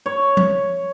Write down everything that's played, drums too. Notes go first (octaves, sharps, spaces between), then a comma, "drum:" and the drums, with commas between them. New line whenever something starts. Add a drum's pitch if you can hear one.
C#5
drum: tom